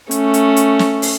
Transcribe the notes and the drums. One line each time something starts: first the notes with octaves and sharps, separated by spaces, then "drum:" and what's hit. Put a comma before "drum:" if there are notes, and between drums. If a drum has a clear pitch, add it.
A3 C#4, drum: hi-hat
drum: hi-hat
drum: hi-hat
drum: snare
drum: open hi-hat